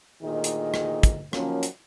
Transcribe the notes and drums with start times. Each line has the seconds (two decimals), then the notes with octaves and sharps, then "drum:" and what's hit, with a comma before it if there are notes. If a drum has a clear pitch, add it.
0.23 D2 A#2 D#3 G#4 D#5
0.44 drum: hi-hat
0.74 drum: rim click
1.03 drum: kick, hi-hat
1.33 D#3 F3 F#3 A#3 C#4, drum: rim click
1.63 drum: hi-hat